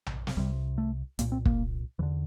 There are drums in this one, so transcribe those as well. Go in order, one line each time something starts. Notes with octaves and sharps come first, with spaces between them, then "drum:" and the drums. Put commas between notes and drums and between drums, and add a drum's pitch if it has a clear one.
drum: tom A#1
drum: snare
C2 C3 G3
A3
C2 A#2 A#3, drum: hi-hat
C4
A#3, drum: kick
E2 D3 E3